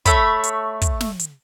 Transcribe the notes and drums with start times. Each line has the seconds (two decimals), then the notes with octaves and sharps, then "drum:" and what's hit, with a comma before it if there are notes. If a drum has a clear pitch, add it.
0.06 A3 C#5 B5, drum: kick, hi-hat
0.44 drum: hi-hat
0.81 drum: kick, hi-hat
1.00 drum: snare
1.19 drum: hi-hat